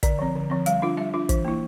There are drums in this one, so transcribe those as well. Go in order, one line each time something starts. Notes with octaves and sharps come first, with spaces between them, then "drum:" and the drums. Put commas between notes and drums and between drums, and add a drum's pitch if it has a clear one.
D3 D5, drum: kick, hi-hat
F3 C4
D3
F3 C4
G3 F5, drum: hi-hat
D4 F4
G3 E5
D4 F4
E3, drum: kick, hi-hat
A#3 E4